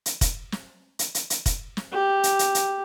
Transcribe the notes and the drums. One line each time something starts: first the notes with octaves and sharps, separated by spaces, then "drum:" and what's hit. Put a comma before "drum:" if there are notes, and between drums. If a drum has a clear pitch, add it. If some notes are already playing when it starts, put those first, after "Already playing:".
drum: hi-hat
drum: kick, hi-hat
drum: snare
drum: hi-hat
drum: hi-hat
drum: hi-hat
drum: kick, hi-hat
drum: snare
G4
drum: hi-hat
drum: hi-hat
drum: hi-hat